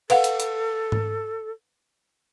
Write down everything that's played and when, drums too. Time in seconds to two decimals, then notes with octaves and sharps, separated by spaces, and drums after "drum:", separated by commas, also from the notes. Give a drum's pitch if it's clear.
0.10 A4 B4 F5 F#5, drum: cymbal
0.24 drum: hi-hat
0.40 drum: hi-hat
0.92 drum: tom G#2